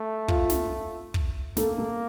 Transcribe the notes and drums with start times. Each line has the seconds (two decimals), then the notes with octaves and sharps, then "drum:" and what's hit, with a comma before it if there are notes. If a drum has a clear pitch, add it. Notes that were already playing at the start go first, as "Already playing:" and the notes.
Already playing: A3
0.28 F4, drum: kick
0.50 drum: snare
1.14 drum: kick
1.57 A3 A#3 A4, drum: snare
1.78 A3 A4